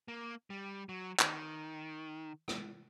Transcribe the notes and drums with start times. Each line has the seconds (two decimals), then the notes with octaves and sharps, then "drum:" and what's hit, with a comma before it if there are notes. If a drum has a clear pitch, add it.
0.08 A#3
0.50 G3
0.89 F#3
1.19 D#3, drum: clap
2.48 drum: rim click